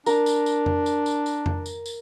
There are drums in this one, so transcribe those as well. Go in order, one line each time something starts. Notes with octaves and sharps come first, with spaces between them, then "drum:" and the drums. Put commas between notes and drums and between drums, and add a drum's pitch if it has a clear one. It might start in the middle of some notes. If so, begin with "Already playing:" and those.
D4 A#4, drum: tambourine
drum: tambourine
drum: tambourine
drum: tom F2
drum: tambourine
drum: tambourine
drum: tambourine
drum: tom F2
drum: tambourine
drum: tambourine